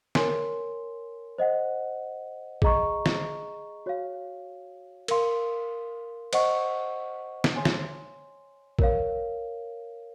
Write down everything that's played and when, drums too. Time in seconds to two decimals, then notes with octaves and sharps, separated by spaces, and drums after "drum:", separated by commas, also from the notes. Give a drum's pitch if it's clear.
0.15 A#4 C#5 G#5 C6, drum: snare
1.38 C5 D#5 F#5
2.62 G#4 D#5 A#5 C#6, drum: kick A1
3.06 drum: snare
3.86 F#4 C#5 F5
5.08 A#4 F5 C6, drum: cymbal
6.33 C5 D#5 F#5 C#6, drum: cymbal
7.44 drum: snare
7.56 C#5 G#5 C6
7.65 drum: snare
8.79 A#4 C#5 F5, drum: kick A1